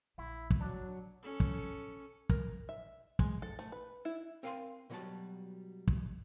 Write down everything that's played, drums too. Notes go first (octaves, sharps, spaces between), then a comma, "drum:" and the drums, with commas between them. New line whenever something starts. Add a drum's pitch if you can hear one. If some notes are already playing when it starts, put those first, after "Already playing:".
A#1 E4
drum: kick
F#3 D4
C#4 A4
drum: kick
A#4, drum: kick
E5
G#3, drum: kick
A4
A3
B4
E4
C4 A#4 F5 G5 G#5 C6
B2 D3 F#3 G3 F#4 A5
drum: kick